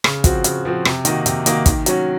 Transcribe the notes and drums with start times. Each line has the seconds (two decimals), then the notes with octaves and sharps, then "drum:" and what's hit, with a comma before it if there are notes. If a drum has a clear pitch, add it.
0.04 C#3, drum: rim click
0.24 F3 C4 F#4, drum: kick, hi-hat
0.44 C#3, drum: hi-hat
0.65 F3 C4 F#4
0.85 C3, drum: rim click
1.05 D#3 A#3 D#4 F#4, drum: hi-hat
1.26 C3, drum: hi-hat
1.46 D#3 A#3 D#4 F#4, drum: hi-hat
1.66 D#3, drum: kick, hi-hat
1.86 F#3 C#4 F#4, drum: hi-hat